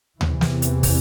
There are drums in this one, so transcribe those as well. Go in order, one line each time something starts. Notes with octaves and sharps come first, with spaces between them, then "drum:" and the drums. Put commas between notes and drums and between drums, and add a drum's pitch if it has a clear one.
E2 C3 E3, drum: tom D2
drum: snare
drum: hi-hat
drum: kick, open hi-hat